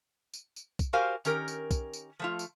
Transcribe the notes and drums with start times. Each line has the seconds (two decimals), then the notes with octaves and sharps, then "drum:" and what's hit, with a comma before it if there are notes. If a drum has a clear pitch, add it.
0.34 drum: tambourine
0.56 drum: tambourine
0.79 drum: kick, tambourine
0.93 F#4 G4 A#4 C5 F5 G#5
1.25 D#3 C#4 G4 A#4, drum: tambourine
1.48 drum: tambourine
1.71 drum: kick, tambourine
1.93 drum: tambourine
2.19 F3 A3 F4
2.39 drum: tambourine